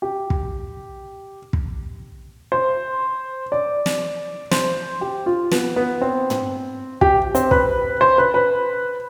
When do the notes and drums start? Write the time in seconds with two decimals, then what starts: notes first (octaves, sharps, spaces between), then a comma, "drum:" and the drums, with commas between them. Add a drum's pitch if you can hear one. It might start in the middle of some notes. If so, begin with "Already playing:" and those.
0.02 G4
0.30 drum: kick
1.53 drum: kick
2.52 C5
3.52 D5
3.86 drum: snare
4.51 C5, drum: snare
5.01 G4
5.26 F4
5.51 B3, drum: snare
5.76 B3
6.01 C4
6.30 drum: tom
7.01 G4, drum: kick
7.35 C4, drum: hi-hat
7.51 B4, drum: kick
8.01 C5
8.18 B4
8.34 B4